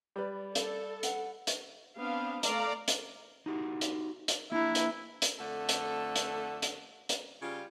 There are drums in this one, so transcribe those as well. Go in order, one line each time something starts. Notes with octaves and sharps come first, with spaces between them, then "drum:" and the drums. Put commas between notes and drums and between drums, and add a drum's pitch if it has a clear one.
G3 B4 D5
A4, drum: hi-hat
F#5, drum: hi-hat
drum: hi-hat
B3 C4 D4 F5
A3 D5 F5 A#5, drum: hi-hat
drum: hi-hat
D#4 F#4 G4
drum: hi-hat
drum: hi-hat
A#3 D4 E4 A#5
drum: hi-hat
drum: hi-hat
F2 D3 A3 A4
drum: hi-hat
drum: hi-hat
drum: hi-hat
drum: hi-hat
C#3 G3 F4